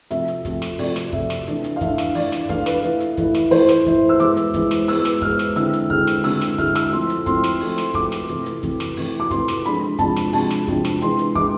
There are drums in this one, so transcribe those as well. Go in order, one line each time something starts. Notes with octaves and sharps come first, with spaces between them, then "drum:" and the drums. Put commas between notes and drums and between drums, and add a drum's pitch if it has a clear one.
C3 F3 A3 E5, drum: hi-hat
drum: hi-hat
C3 F3 A3, drum: kick, hi-hat
drum: snare
C3 F3 A3 D5, drum: open hi-hat
drum: snare
C3 F3 A3 E5, drum: kick
drum: snare
E3 A3 D4, drum: hi-hat
drum: hi-hat
F5
E3 A3 D4 E5, drum: kick, hi-hat
drum: snare
E3 A3 D4 D5, drum: open hi-hat
drum: snare
E3 A3 D4 F5, drum: kick, hi-hat
B4, drum: snare
E3 A3 E4, drum: hi-hat
drum: hi-hat
E3 A3 E4, drum: kick, hi-hat
drum: snare
E3 A3 E4 C5, drum: open hi-hat
drum: snare
E3 A3 E4, drum: kick, hi-hat
E6
E3 G#3 B3 E4 D6, drum: hi-hat
drum: hi-hat
E3 G#3 B3 E4, drum: kick, hi-hat
drum: snare
E3 G#3 B3 E4 E6, drum: open hi-hat
drum: snare
E3 G#3 B3 E4 F6, drum: kick, hi-hat
drum: snare
D3 G#3 C4 E4 E6, drum: hi-hat
drum: hi-hat
D3 G#3 C4 E4 F6, drum: kick
drum: snare
D3 G#3 C4 E4 E6, drum: open hi-hat
drum: snare
D3 G#3 C4 E4 F6, drum: kick, hi-hat
E6, drum: snare
F3 A3 C4 E4 C6, drum: hi-hat
drum: hi-hat
F3 A3 C4 E4 C6, drum: kick, hi-hat
drum: snare
F3 A3 C4 E4, drum: open hi-hat
drum: snare
F3 A3 C4 E4 D6, drum: kick, hi-hat
drum: snare
C3 E3 A3, drum: hi-hat
drum: hi-hat
C3 E3 A3, drum: kick, hi-hat
drum: snare
C3 E3 A3, drum: open hi-hat
D6
C3 E3 A3 C6, drum: kick, hi-hat
drum: snare
C3 F3 G#3 D4 B5, drum: hi-hat
C3 F3 G#3 D4 A5, drum: kick, hi-hat
drum: snare
C3 F3 G#3 D4 A5, drum: open hi-hat
drum: snare
C3 F3 G#3 D4, drum: kick, hi-hat
drum: snare
E3 G#3 D4 C6, drum: hi-hat
drum: hi-hat
E3 G#3 D4 D6, drum: kick